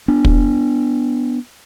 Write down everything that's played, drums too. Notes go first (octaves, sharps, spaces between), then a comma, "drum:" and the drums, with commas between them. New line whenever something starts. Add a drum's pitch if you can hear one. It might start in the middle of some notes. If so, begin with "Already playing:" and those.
B3 D4
drum: kick